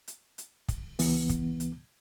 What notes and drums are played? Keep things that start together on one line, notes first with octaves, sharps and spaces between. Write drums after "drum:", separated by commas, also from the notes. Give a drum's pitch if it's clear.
drum: hi-hat
drum: hi-hat
drum: kick, hi-hat
C#2 E3 B3, drum: open hi-hat
drum: kick, hi-hat
drum: hi-hat